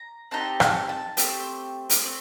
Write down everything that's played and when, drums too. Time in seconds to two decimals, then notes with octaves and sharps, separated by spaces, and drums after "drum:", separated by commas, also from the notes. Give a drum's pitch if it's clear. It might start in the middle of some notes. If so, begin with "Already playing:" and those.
Already playing: A#5
0.31 C4 D#4 G4 A5
0.60 A5, drum: rim click
0.89 A5
1.17 A3 C4 G4 C5, drum: hi-hat
1.90 drum: hi-hat
2.03 A3 C4